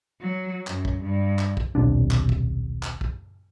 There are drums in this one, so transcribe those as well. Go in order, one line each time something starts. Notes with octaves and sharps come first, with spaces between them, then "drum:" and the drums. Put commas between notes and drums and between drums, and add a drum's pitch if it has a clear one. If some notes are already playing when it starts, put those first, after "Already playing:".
F#3
F#2, drum: clap
drum: kick
G2
drum: clap
drum: kick
D#1 B1 C3 D4
drum: clap
drum: kick
drum: clap
drum: kick